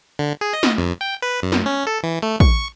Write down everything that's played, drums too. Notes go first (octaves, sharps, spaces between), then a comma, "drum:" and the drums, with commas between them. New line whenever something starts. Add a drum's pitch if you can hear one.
D3
G#4
D#5
drum: snare
F2
G5
B4
F#2
drum: snare
C#4
A4
E3
A3
C#6, drum: kick